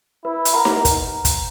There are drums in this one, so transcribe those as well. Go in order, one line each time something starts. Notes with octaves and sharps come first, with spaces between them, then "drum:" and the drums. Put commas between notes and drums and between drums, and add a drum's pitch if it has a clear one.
E4 B4
drum: hi-hat
A#4 F#5 A#5
drum: snare D#4
B4, drum: kick, hi-hat
drum: kick, hi-hat